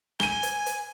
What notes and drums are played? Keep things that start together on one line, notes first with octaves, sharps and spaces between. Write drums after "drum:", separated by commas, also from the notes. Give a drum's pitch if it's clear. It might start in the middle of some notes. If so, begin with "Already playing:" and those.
G#5 D#7 G7, drum: rim click
drum: hi-hat
drum: hi-hat